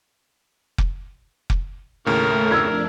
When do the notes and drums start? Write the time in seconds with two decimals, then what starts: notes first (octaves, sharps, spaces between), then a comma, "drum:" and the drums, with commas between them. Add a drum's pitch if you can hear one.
0.78 drum: kick F1
1.50 drum: kick F1
2.06 D#2 A2 C#3 A3 A#4
2.51 F2 D4 E6 G#6